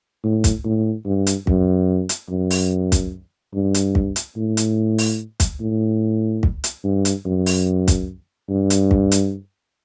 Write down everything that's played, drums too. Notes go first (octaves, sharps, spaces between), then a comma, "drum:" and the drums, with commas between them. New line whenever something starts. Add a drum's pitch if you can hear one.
A2
drum: kick, hi-hat
A2
G2
drum: hi-hat
F#2, drum: kick
drum: hi-hat
F#2
drum: open hi-hat
drum: kick, hi-hat
G2
drum: hi-hat
drum: kick
drum: hi-hat
A2
drum: hi-hat
drum: open hi-hat
drum: kick, hi-hat
A2
drum: kick
drum: hi-hat
G2
drum: hi-hat
F#2
drum: open hi-hat
drum: kick, hi-hat
G2
drum: hi-hat
drum: kick
drum: hi-hat